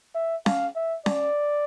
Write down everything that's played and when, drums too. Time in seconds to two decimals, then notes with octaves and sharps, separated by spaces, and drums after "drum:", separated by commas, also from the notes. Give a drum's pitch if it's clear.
0.15 E5
0.46 F5, drum: snare C#4
0.76 E5
1.06 D5, drum: snare C#4